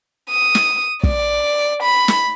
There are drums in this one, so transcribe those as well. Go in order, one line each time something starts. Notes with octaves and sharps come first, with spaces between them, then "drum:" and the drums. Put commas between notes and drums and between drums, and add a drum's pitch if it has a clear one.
D#6
drum: snare
D5, drum: kick
B5
drum: snare